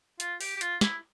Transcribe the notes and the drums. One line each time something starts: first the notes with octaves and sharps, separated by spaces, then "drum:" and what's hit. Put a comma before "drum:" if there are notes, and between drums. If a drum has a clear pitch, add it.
F4, drum: hi-hat
G4, drum: open hi-hat
G4
F4, drum: hi-hat
E4, drum: snare